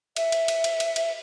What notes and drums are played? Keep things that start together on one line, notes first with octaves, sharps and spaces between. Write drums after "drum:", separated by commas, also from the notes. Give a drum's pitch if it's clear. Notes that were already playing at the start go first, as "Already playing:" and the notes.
E5, drum: cymbal
drum: cymbal
drum: cymbal
drum: cymbal
drum: cymbal
drum: cymbal